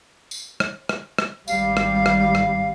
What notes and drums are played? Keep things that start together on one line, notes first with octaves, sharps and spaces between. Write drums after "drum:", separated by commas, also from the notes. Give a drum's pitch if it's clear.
drum: tambourine
drum: rim click
drum: rim click
drum: rim click
G#1 G3 F5, drum: tambourine
drum: rim click
drum: rim click
drum: rim click